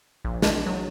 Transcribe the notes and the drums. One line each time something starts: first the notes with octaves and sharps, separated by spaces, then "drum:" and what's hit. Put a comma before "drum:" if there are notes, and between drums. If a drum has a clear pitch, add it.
A#1
D4, drum: snare
F#3